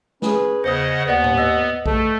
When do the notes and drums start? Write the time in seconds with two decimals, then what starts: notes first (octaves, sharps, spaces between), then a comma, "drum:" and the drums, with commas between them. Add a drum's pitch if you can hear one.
0.22 C#4 G#4 B4, drum: snare
0.64 E2 C#3 C5 D#5 F#5 D#6
1.06 D#2 B3 B4 D5 F#5
1.24 drum: tom A2
1.37 B4 D#5 E6
1.86 A3 A4, drum: kick A#1